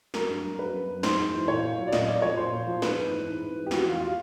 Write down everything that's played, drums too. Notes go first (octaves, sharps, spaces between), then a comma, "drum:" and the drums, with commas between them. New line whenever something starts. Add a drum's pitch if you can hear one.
F#3 A#4, drum: snare
G2
G2
F#3 B4
F#2
F#2
G#2 C5, drum: snare
G#2
E3
A#2 C#5
A#2
F#3
D5
A#2 D#5, drum: snare
A#2 D5
F3 C#5
A#2 C5
A#2
F3
G#2 B4, drum: snare
G#2
E3
G#2
G#2
E3
G4
F3 F#4, drum: snare
E2 F4
F4